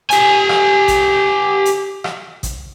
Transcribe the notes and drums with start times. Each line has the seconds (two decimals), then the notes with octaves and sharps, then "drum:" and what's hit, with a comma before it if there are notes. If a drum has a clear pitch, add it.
0.11 G4 G#5, drum: hi-hat
0.49 drum: rim click
0.88 drum: kick, hi-hat
1.65 drum: hi-hat
2.04 drum: rim click
2.43 drum: kick, hi-hat